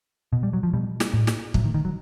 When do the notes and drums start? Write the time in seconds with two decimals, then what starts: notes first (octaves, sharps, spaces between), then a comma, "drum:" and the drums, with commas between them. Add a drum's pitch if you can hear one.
0.33 B2
0.43 G3
0.53 F#3
0.63 F3
0.73 B2 G3
1.00 drum: snare
1.14 A2
1.27 drum: snare
1.54 A2 F#3, drum: kick
1.64 D#3
1.74 D#3
1.85 F#3